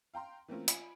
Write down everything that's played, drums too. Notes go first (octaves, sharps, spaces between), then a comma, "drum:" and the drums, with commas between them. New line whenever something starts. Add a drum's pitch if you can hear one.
F5 G5 A#5 C6
E3 A3 A#3 C4 C#4 F4
F4 G#5 B5 D7, drum: hi-hat